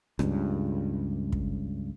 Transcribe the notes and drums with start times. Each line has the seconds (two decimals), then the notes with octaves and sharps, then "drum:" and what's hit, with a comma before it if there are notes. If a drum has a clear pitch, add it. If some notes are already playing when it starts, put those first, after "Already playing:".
0.19 C#2 G2, drum: rim click
1.32 drum: kick